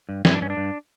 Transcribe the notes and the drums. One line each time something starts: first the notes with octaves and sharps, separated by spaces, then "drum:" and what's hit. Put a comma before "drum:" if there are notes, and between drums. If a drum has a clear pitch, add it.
G2
G2 E4, drum: snare
D4
G2 C#4
D4
G2